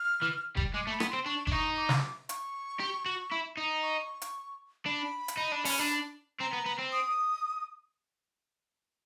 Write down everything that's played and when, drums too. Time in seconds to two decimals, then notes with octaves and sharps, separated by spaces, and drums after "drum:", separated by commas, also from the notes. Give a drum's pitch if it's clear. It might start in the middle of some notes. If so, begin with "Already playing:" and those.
Already playing: F6
0.23 E3
0.57 G3, drum: kick F1
0.74 G#3 D6
0.87 A3
0.91 B5
1.00 B3, drum: rim click
1.09 C4 C6
1.26 D4 C#6
1.47 D4, drum: kick F1
1.52 D#4 C#6
1.77 D6
1.89 drum: snare
2.29 C#6, drum: hi-hat
2.80 G4
3.06 F#4
3.31 E4
3.57 D#4
3.83 C#6
4.22 drum: hi-hat
4.86 D4 B5
5.28 drum: hi-hat
5.37 D#4
5.52 D4
5.65 C#4, drum: open hi-hat
5.79 D4
6.40 C4 A#5
6.53 B3
6.66 B3
6.79 C4
6.92 D#6